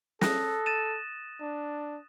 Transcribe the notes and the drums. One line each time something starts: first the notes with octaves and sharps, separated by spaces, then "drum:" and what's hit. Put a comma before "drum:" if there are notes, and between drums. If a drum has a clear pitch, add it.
A4 D#6 F#6 A#6, drum: snare
A6 D#7 E7
D4